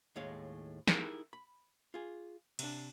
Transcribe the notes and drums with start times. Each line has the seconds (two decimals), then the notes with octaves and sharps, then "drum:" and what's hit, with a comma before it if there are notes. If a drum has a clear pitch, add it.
0.16 D#2 A2 G#3 C#5 F5
0.87 D#4 E4 G4 G#4 A#4, drum: snare
1.33 B5
1.94 F4 G#4
2.59 C3 D4, drum: cymbal